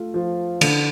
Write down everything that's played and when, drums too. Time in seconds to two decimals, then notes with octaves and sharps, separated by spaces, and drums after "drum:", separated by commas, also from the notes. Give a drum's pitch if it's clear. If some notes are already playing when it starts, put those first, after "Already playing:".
Already playing: A3 F4
0.14 F3
0.61 D3, drum: cymbal